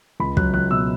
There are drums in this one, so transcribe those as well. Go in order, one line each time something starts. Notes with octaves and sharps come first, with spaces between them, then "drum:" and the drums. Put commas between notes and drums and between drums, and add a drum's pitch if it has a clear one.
C#2 B5
F#3 F#6, drum: kick
C#2 F#6
B2 E6